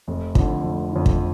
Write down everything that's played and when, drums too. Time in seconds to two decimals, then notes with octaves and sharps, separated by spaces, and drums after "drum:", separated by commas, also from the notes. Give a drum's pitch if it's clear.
0.08 F1
0.35 F2 D3, drum: kick
0.64 F1
0.92 F2 D3
1.06 drum: kick